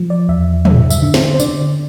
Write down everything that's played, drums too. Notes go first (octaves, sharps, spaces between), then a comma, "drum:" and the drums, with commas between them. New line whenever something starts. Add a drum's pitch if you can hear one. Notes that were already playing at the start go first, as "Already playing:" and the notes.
Already playing: F3
D5
E2 E5
D3 E5, drum: tom
E5, drum: tambourine
D3
C5, drum: snare
C5
D3 D5, drum: tambourine